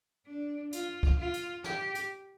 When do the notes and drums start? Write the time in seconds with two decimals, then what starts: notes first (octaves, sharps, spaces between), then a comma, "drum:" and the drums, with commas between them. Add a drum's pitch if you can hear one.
0.27 D4
0.72 F4, drum: hi-hat
1.03 drum: kick
1.18 F4
1.34 drum: hi-hat
1.64 G4, drum: snare
1.95 drum: hi-hat